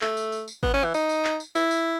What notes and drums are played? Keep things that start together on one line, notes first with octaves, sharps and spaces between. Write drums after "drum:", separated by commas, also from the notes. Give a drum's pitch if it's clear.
A3, drum: clap
drum: tambourine
drum: tambourine
drum: tambourine
B3, drum: kick G#1
C#4
E3
D#4, drum: tambourine
drum: tambourine
drum: clap
drum: tambourine
E4, drum: tambourine
drum: tambourine